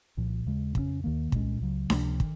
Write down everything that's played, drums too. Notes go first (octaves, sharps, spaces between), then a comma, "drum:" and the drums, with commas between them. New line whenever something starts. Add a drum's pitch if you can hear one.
C2 A#2 F3
D#2 C#3 G#3
F2 C#3 G#3 C#4, drum: kick
D#2 D#3 A#3
C2 A#2 G#3 C#4, drum: kick
C#2 C#3 F#3
C#2 C3 F3 A#3, drum: snare D4
D#3, drum: kick